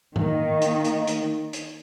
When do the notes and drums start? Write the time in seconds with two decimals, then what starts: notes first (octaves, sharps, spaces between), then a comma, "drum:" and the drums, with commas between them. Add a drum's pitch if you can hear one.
0.16 D#3 A#3 D#4, drum: tom G#2
0.62 drum: hi-hat
0.85 drum: hi-hat
1.07 drum: hi-hat
1.53 drum: hi-hat